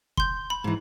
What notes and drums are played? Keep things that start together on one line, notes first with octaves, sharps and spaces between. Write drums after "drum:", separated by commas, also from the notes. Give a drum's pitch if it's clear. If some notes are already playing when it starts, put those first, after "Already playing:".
C6 G6, drum: kick
B5
G#2 E3